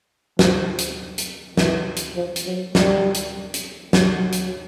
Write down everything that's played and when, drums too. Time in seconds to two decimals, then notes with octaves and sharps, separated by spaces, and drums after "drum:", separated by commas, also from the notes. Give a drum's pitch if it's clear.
0.39 F3, drum: snare
0.78 drum: hi-hat
1.18 drum: hi-hat
1.57 E3, drum: snare
1.96 drum: hi-hat
2.16 F3
2.36 drum: hi-hat
2.46 F#3
2.75 G3, drum: snare
3.14 drum: hi-hat
3.54 drum: hi-hat
3.93 F#3, drum: snare
4.32 drum: hi-hat